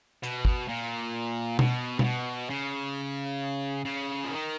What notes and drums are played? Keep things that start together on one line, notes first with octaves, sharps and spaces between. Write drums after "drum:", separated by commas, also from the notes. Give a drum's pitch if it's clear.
B2, drum: hi-hat
drum: kick
A#2
B2, drum: tom B2
C#3, drum: tom B2
B2
C#3
C#3
F3
D#3